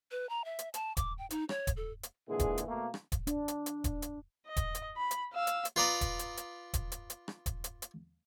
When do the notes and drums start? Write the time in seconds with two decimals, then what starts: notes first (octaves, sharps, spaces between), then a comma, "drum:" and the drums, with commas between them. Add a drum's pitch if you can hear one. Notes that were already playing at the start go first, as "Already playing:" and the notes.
0.11 B4
0.29 A#5
0.45 E5
0.59 drum: hi-hat
0.74 A5, drum: hi-hat
0.97 D6, drum: kick D#1, hi-hat
1.18 G5
1.30 D#4, drum: hi-hat
1.49 C#5, drum: rim click
1.67 drum: kick D#1, hi-hat
1.77 A4
2.03 drum: hi-hat
2.29 A#2 D3 E3 G#3 G#4
2.39 drum: kick D#1, hi-hat
2.58 drum: hi-hat
2.68 B2 A3 A#3
2.94 drum: rim click
3.12 drum: kick D#1, hi-hat
3.27 D4, drum: hi-hat
3.48 drum: hi-hat
3.66 drum: hi-hat
3.84 drum: kick D#1, hi-hat
4.02 drum: hi-hat
4.47 D#5
4.56 drum: kick D#1, hi-hat
4.75 drum: hi-hat
4.97 B5
5.11 drum: hi-hat
5.33 F5 E6
5.47 drum: hi-hat
5.65 drum: hi-hat
5.76 F4 B4 D5 A#5 D#6
6.01 drum: kick D#1, hi-hat
6.19 drum: hi-hat
6.37 drum: hi-hat
6.73 drum: kick D#1, hi-hat
6.92 drum: hi-hat
7.10 drum: hi-hat
7.28 drum: rim click
7.46 drum: kick D#1, hi-hat
7.64 drum: hi-hat
7.82 drum: hi-hat